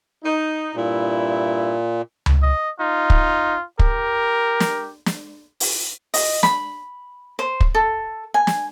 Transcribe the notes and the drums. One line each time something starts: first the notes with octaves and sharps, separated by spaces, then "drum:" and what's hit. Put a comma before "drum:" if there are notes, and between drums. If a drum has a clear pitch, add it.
D#4
G2 A#2 E4
drum: tom C#2
D#5
D#4 F4
drum: kick
G4 A#4, drum: kick
drum: snare
drum: snare
drum: open hi-hat
D#5, drum: open hi-hat
B5, drum: snare
C5
drum: kick
A4
G#5
drum: snare